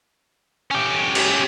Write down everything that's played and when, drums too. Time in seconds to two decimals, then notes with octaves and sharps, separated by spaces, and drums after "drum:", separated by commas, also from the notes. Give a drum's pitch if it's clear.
0.71 C#4 G4
1.15 drum: cymbal